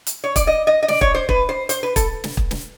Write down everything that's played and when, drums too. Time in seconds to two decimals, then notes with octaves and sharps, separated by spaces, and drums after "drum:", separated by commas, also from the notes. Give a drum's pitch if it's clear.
0.07 drum: hi-hat
0.24 C#5
0.36 D5, drum: kick, hi-hat
0.47 D#5
0.67 D#5
0.83 D#5
0.88 D5, drum: snare
1.01 C#5, drum: kick
1.15 C5
1.29 B4, drum: kick
1.49 C5
1.69 C5, drum: hi-hat
1.83 B4
1.96 A4, drum: kick, hi-hat
2.24 drum: snare
2.37 drum: kick
2.51 drum: snare